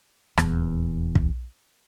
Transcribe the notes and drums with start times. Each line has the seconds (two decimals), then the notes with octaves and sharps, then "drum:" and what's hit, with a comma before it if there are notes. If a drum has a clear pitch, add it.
0.37 D#1 E2, drum: rim click
1.15 drum: kick